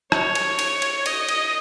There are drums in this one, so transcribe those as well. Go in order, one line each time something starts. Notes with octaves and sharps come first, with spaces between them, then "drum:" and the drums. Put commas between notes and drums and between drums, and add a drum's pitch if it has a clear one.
C#5, drum: rim click
drum: cymbal
drum: cymbal
drum: cymbal
D#5, drum: cymbal
drum: cymbal